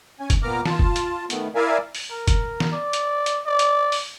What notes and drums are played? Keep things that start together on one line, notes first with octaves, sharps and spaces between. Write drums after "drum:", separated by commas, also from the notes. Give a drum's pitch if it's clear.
C#4 G#5
drum: kick, hi-hat
A#2 A#3 B3 A#5 D6 F6
F4 A5, drum: snare
drum: kick
drum: hi-hat
D#3 A3 B3, drum: hi-hat
E4 A#4 D5 E5 F5 G#5
drum: open hi-hat
A#4
drum: kick, hi-hat
drum: snare
D5
drum: hi-hat
drum: hi-hat
D5
drum: hi-hat
drum: open hi-hat